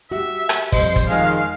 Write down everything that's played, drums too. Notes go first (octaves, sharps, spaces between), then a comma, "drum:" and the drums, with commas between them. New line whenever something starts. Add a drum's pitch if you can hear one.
F#4 G4 E5
drum: rim click
F2 G3 C5 D#5, drum: kick, open hi-hat
drum: kick, hi-hat
D#3 F3 G#3 F5